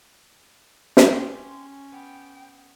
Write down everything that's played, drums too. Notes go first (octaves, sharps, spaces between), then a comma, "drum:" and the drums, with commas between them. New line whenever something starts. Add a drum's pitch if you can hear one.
drum: snare
C#4 G4 G5 C6
B3 G5